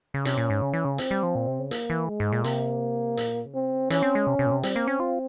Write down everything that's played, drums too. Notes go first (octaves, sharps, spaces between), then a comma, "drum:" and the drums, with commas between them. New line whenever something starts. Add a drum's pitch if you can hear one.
C#3
C3 C#4, drum: hi-hat
A#2
G#2
C#3
E3
C#3
C4, drum: hi-hat
G3
F3
A#2
C3
C#3
A#3, drum: hi-hat
E3
G#3
G#2
A#2
C3 A#3, drum: hi-hat
A#2, drum: hi-hat
C#3
C3 C4
C#3
E3 C#4, drum: hi-hat
C4
G#3
C3
C3
A#2
C3
G3 C4, drum: hi-hat
A#3
C#4
F4